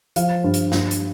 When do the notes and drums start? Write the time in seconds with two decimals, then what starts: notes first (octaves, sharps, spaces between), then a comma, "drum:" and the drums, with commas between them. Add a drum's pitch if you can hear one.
0.16 F3 F5, drum: hi-hat
0.44 G2
0.54 drum: hi-hat
0.72 G2, drum: snare
0.91 drum: hi-hat